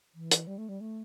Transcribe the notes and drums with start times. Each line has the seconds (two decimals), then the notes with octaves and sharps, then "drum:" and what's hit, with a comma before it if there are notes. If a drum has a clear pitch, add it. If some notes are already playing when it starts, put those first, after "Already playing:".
0.15 E3
0.31 drum: hi-hat
0.47 G3
0.58 A3
0.69 G3
0.81 A3